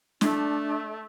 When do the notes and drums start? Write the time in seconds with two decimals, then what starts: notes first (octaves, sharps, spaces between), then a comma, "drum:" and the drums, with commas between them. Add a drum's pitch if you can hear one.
0.21 A3 D4, drum: snare